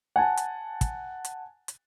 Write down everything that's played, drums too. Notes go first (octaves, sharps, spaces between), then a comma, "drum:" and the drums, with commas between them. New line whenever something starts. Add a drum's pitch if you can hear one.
F#5 G#5 A5
drum: hi-hat
drum: kick, hi-hat
drum: hi-hat
drum: hi-hat